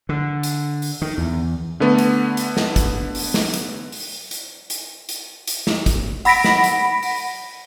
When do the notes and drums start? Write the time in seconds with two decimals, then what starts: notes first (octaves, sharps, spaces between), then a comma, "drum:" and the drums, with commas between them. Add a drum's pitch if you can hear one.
0.09 D3
0.43 drum: hi-hat
0.82 drum: open hi-hat
1.02 D#3
1.18 E2
1.80 D3 A3 B3
1.99 drum: hi-hat
2.37 drum: hi-hat
2.57 drum: snare
2.76 drum: kick, hi-hat
3.15 drum: open hi-hat
3.34 drum: snare
3.54 drum: hi-hat
3.92 drum: open hi-hat
4.31 drum: hi-hat
4.70 drum: hi-hat
5.09 drum: hi-hat
5.47 drum: hi-hat
5.67 drum: snare
5.86 drum: kick, hi-hat
6.25 F#5 B5 A#6 B6 D7, drum: open hi-hat
6.44 drum: snare
6.64 drum: hi-hat
7.03 drum: open hi-hat